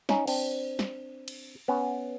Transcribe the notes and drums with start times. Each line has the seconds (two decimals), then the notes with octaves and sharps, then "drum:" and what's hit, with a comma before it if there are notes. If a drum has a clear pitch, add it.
0.09 C#4 D#4, drum: snare
0.27 C4 D4, drum: cymbal
0.79 drum: snare
1.28 drum: cymbal
1.68 B3 C#4